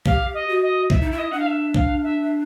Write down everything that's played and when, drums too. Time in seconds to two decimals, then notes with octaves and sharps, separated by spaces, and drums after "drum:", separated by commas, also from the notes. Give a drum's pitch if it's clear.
0.06 G4 F5, drum: kick B1
0.34 D#5
0.49 F#4
0.62 D#5
0.90 E4 E5, drum: kick B1
1.01 D#4
1.11 E4 E5
1.18 D#5
1.31 D4 F#5
1.39 F5
1.46 E5
1.74 F5, drum: kick B1
2.03 E5